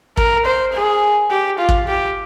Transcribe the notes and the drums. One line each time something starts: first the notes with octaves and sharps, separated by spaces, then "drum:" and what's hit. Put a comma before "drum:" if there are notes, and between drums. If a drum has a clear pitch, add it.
A#4, drum: kick
C5
G#4
G4
F4
drum: kick
G4